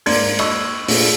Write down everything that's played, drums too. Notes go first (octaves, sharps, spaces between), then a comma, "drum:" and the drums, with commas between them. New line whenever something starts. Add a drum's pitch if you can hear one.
G#2 A#3 D5 C6 G#6, drum: open hi-hat
D#5 C#6 E6, drum: cymbal
A#2 A3 D4 G#4, drum: open hi-hat